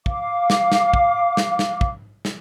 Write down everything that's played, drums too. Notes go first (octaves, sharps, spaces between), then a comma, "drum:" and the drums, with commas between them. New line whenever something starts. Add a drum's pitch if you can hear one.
F5 D6, drum: kick
drum: snare
drum: snare
drum: kick
drum: snare
drum: snare
drum: kick
drum: snare